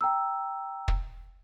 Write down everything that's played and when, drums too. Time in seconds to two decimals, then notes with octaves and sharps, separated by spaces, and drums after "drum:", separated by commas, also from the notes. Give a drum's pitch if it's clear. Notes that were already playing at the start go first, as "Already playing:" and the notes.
0.01 G5 A#5 E6
0.88 drum: kick